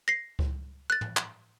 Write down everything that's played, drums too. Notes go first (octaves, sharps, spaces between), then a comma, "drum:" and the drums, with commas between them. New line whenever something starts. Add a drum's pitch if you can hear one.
A#6 C7
drum: kick C#2
F#6 A6
drum: tom A2
drum: clap